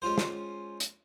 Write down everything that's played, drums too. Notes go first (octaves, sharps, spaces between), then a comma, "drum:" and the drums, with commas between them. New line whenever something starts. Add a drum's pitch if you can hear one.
G#3 C#4 F4 C5
drum: snare
drum: hi-hat